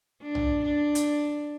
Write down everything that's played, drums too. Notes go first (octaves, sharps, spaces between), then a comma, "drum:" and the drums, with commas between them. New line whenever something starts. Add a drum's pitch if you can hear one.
D4
drum: tom B1
D4
drum: hi-hat